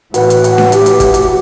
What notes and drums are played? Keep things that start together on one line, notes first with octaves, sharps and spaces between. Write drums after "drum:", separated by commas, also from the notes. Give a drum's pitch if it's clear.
A2 E3 F#4 B4 F#5, drum: hi-hat
drum: hi-hat
drum: hi-hat
drum: snare D4
G4, drum: hi-hat
drum: hi-hat
drum: kick, hi-hat
drum: hi-hat